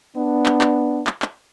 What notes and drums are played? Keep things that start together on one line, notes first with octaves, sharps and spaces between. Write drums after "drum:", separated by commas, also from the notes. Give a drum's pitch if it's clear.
B3 D4
drum: clap
drum: clap
drum: clap
drum: clap